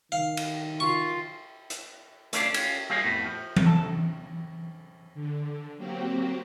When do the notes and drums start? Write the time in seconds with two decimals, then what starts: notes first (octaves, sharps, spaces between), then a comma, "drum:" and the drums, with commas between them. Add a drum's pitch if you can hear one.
0.12 D#3 F5
0.37 drum: cymbal
0.80 F4 C#6
1.70 drum: hi-hat
2.33 A3 C#4 D4 F4 D5, drum: hi-hat
2.54 C#4 F4, drum: cymbal
2.90 G3 A#3 C#4 F4 G#4
3.04 F2 A2 B3
3.25 F3
3.57 drum: tom E3
3.66 A4
5.14 D3
5.78 F#3 A#3 C4 F#4 G4